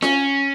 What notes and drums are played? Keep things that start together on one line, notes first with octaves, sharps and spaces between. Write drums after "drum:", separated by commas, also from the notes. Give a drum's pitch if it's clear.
C#4, drum: snare F4